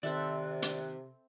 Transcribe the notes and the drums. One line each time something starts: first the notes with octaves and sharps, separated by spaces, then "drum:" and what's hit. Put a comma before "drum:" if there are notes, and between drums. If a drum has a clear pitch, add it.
C3 D#3 C4 A4 D5 E5 F#6
drum: hi-hat